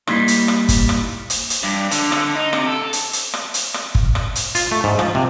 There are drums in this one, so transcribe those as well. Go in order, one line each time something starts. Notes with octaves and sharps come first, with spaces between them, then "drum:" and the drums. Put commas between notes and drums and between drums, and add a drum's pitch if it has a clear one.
G3 A#3 D#4 E4 C6, drum: rim click
drum: hi-hat
drum: rim click
drum: kick G1, hi-hat
drum: rim click
drum: hi-hat
drum: hi-hat
G2
D3, drum: hi-hat
D3, drum: rim click
D#4
C3, drum: rim click
A4
drum: hi-hat
drum: hi-hat
drum: rim click
drum: hi-hat
drum: rim click
drum: kick G1
drum: rim click
drum: hi-hat
F4, drum: hi-hat
A3
G#2
F3, drum: rim click
C3